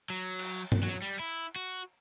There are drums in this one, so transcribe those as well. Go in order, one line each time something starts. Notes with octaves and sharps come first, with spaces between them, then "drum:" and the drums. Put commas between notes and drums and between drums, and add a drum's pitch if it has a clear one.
F#3
drum: cymbal
drum: tom G2
F#3
G3
E4
F#4